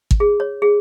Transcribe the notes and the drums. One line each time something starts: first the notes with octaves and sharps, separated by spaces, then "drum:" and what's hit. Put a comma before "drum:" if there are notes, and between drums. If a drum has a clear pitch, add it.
drum: kick
G#4
C#5
G#4